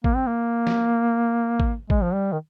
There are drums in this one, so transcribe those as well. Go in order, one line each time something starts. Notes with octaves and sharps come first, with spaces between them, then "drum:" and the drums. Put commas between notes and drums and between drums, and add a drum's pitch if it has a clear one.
A#3, drum: kick G#1
C4
A#3
drum: snare
drum: kick G#1
G#3, drum: kick G#1
F3
G3
D#3